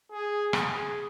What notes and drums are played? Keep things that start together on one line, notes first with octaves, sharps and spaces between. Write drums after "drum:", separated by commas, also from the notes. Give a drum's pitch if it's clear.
G#4
drum: rim click
G#4